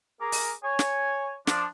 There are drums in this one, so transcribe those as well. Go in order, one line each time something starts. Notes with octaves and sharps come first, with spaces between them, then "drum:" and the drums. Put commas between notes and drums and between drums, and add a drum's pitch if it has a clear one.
G#4 A#4 A#5 D6
drum: open hi-hat
C#5 G#5
drum: snare
F3 D4, drum: snare